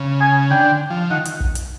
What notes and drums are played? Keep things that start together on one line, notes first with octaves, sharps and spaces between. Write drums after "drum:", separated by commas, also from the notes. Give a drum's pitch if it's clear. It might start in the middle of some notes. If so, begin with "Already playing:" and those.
Already playing: C#3
G#5
D3 G5
F3
D#3 F#5
drum: hi-hat
drum: kick
drum: hi-hat